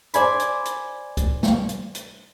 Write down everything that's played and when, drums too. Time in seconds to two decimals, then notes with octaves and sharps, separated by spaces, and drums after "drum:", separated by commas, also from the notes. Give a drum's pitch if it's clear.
0.14 C5 D5 G#5 B5, drum: hi-hat
0.40 drum: hi-hat
0.65 drum: hi-hat
1.17 drum: kick C#2, hi-hat
1.43 drum: snare
1.69 drum: hi-hat
1.95 drum: hi-hat